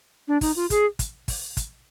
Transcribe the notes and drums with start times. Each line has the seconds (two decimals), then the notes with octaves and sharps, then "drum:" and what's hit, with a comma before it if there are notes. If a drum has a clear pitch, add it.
0.28 D4
0.41 D#4, drum: kick, open hi-hat
0.56 F4
0.70 G#4, drum: kick, hi-hat
0.99 drum: kick, hi-hat
1.28 drum: kick, open hi-hat
1.57 drum: kick, hi-hat